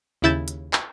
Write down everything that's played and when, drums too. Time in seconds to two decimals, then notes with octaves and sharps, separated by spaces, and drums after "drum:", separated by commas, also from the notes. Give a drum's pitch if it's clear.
0.22 D#2 C#3 E4 G6 A6 E7
0.48 drum: hi-hat
0.73 drum: clap